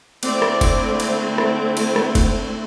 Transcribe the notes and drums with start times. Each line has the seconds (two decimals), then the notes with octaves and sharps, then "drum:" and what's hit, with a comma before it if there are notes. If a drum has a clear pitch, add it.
0.23 D3 A3 C4 E4 D5, drum: cymbal
0.42 drum: rim click
0.61 drum: kick, cymbal
1.00 drum: cymbal
1.38 drum: rim click
1.77 drum: cymbal
1.96 drum: rim click
2.15 drum: kick, cymbal